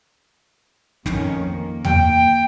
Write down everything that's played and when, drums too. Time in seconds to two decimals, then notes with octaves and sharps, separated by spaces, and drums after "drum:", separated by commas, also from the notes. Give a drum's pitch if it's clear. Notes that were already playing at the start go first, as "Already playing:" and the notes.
1.06 F2 D#3 C#4, drum: snare
1.44 A#3
1.85 G5, drum: tom E2